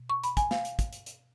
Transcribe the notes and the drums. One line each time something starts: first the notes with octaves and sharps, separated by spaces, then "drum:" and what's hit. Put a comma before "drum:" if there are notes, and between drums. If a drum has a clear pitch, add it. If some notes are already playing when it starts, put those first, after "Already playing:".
Already playing: B2
C#6
B5, drum: hi-hat
G#5, drum: kick, hi-hat
F5, drum: snare
drum: hi-hat
drum: kick, hi-hat
drum: hi-hat
drum: hi-hat